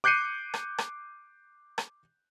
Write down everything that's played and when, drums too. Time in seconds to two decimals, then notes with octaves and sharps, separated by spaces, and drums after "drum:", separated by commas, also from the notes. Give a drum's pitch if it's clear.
0.04 D6 F#6 G6 C7 C#7 D#7
0.54 drum: rim click
0.78 drum: rim click
1.78 drum: rim click